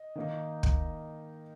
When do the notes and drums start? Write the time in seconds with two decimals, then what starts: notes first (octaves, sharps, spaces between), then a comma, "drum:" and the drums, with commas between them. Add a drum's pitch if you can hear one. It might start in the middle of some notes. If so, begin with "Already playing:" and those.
Already playing: D#5
0.15 D#3 A#3 D#4
0.63 drum: kick